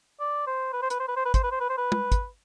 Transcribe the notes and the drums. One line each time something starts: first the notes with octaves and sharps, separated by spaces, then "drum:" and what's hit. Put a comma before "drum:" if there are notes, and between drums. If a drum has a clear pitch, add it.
D5
C5
B4
C5
B4, drum: hi-hat
C5
B4
C5
B4
C5, drum: kick, hi-hat
B4
C5
B4
C5
B4
drum: tom
drum: kick, hi-hat